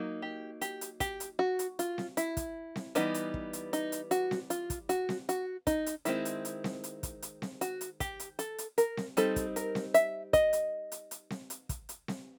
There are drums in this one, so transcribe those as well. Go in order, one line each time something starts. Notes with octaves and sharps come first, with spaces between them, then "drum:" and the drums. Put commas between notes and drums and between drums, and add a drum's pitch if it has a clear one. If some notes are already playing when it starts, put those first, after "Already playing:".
Already playing: F#3 A#3 D#4
G4
G4, drum: hi-hat
drum: hi-hat
G4, drum: kick, hi-hat
drum: hi-hat
F#4
drum: hi-hat
F4, drum: hi-hat
drum: snare C4
E4, drum: hi-hat
drum: kick, hi-hat
drum: snare C4
E3 G3 B3 D#4, drum: hi-hat
drum: hi-hat
drum: kick
drum: hi-hat
D#4, drum: hi-hat
drum: hi-hat
F#4, drum: hi-hat
drum: snare C4
F4, drum: hi-hat
drum: kick, hi-hat
F#4, drum: hi-hat
drum: snare C4
F#4, drum: hi-hat
D#4, drum: kick, hi-hat
drum: hi-hat
D#3 G#3 C4 E4, drum: hi-hat
drum: hi-hat
drum: hi-hat
drum: snare C4
drum: hi-hat
drum: kick, hi-hat
drum: hi-hat
drum: snare C4
F#4, drum: hi-hat
drum: hi-hat
G4, drum: kick, hi-hat
drum: hi-hat
A4, drum: hi-hat
drum: hi-hat
A#4, drum: hi-hat
drum: snare C4
G3 C4 D#4 A4, drum: hi-hat
drum: kick, hi-hat
A#4, drum: hi-hat
drum: snare C4
E5, drum: hi-hat
D#5, drum: kick, hi-hat
drum: hi-hat
drum: hi-hat
drum: hi-hat
drum: snare C4
drum: hi-hat
drum: kick, hi-hat
drum: hi-hat
drum: snare C4